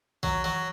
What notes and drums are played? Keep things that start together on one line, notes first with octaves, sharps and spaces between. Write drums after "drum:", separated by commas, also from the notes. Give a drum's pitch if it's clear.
F#3, drum: kick
F#3